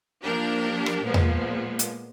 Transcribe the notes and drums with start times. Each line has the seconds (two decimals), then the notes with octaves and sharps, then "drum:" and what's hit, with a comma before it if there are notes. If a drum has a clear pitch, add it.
0.23 F3 A#3 D4 G4 A#4
0.86 drum: rim click
1.04 A#2 F3 G#3 B3
1.14 drum: tom E2
1.79 drum: hi-hat